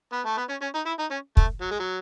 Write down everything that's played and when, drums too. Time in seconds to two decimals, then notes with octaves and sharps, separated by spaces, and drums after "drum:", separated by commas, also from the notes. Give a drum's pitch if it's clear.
0.13 B3
0.26 A3
0.37 B3
0.49 C#4
0.62 C#4
0.75 D#4
0.86 E4
0.99 D#4
1.11 C#4
1.37 A3, drum: kick
1.61 F#3
1.71 G#3
1.80 F#3